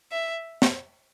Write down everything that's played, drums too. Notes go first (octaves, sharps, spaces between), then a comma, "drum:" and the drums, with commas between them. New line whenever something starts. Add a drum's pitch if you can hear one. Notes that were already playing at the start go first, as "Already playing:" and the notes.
E5
drum: snare